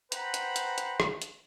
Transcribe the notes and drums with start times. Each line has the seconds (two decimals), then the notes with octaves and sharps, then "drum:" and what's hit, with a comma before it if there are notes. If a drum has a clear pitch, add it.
0.12 B4 C5 F#5 G5 A#5 B5, drum: hi-hat
0.34 drum: hi-hat
0.56 drum: hi-hat
0.78 drum: hi-hat
1.00 drum: rim click
1.22 drum: hi-hat